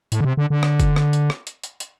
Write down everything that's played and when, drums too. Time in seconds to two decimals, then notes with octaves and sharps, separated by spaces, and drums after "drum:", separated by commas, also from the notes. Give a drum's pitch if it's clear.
0.12 A2, drum: hi-hat
0.21 D3
0.24 C3
0.37 D3
0.50 D3
0.63 drum: rim click
0.80 drum: kick F#1, hi-hat
0.96 drum: rim click
1.13 drum: hi-hat
1.30 drum: rim click
1.47 drum: hi-hat
1.64 drum: hi-hat
1.80 drum: hi-hat